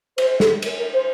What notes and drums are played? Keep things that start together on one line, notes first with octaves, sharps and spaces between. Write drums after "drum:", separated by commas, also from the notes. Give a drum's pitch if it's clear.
C5, drum: cymbal
A4, drum: snare
A#4, drum: cymbal
A#4
C5